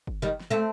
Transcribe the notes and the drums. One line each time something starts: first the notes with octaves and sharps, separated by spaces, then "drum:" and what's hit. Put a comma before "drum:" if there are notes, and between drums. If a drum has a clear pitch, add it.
drum: kick
D#3 G3
drum: snare
A3 C4